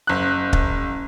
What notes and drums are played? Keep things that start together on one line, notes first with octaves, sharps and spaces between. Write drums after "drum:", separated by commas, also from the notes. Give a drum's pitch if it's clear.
F#1 F#6
drum: kick